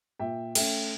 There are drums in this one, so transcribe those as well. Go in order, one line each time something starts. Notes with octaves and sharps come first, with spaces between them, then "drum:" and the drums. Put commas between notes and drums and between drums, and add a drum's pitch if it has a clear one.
A#2 E5 G5
A3 C#4 E5 G5, drum: cymbal